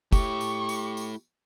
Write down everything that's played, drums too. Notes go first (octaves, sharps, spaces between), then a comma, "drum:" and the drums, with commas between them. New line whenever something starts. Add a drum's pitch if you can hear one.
A3 E4 G4 C#6, drum: kick, tambourine
drum: tambourine
drum: tambourine
drum: tambourine